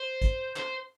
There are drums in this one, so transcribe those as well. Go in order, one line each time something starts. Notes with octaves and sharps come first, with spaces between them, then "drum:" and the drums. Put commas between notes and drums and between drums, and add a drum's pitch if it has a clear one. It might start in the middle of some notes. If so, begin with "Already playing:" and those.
Already playing: C5
drum: kick, hi-hat
C5, drum: clap